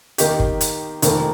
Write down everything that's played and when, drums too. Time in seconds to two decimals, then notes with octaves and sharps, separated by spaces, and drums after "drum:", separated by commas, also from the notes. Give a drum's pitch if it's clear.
0.18 D#3 A#3 D#4 G4, drum: hi-hat
0.40 drum: kick G1
0.61 drum: hi-hat
1.02 F1 F2 D#3 A#3, drum: hi-hat